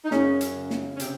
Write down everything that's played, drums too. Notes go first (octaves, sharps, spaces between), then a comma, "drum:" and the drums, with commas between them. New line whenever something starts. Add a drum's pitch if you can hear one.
D#4
F#2 C#3 C#4, drum: snare
drum: hi-hat
C#3
drum: snare
C#4
C3 C4, drum: hi-hat